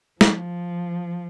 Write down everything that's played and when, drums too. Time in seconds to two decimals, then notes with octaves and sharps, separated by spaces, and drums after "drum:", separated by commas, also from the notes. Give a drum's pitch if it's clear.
0.21 F3, drum: snare